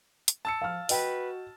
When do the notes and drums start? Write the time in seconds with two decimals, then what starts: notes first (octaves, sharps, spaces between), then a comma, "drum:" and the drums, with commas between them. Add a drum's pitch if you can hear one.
0.28 drum: hi-hat
0.45 A5 E6 C#7
0.62 F3 F5 F6
0.89 F#4 B4 D#5 G5, drum: open hi-hat